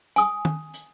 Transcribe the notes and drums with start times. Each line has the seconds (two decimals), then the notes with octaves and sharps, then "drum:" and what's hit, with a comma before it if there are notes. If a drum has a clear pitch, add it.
0.16 G#5 D#6, drum: hi-hat
0.45 drum: tom
0.74 drum: hi-hat